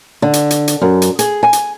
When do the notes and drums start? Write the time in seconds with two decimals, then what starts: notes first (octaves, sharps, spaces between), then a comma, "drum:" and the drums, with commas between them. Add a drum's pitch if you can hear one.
0.22 D3
0.33 drum: hi-hat
0.50 drum: hi-hat
0.68 drum: hi-hat
0.82 F#2
1.02 drum: hi-hat
1.19 G#4, drum: hi-hat
1.43 G#5
1.53 drum: hi-hat